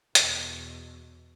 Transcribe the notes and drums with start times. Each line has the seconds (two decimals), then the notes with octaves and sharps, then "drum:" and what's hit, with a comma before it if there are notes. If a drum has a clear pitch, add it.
0.15 E2 B2, drum: hi-hat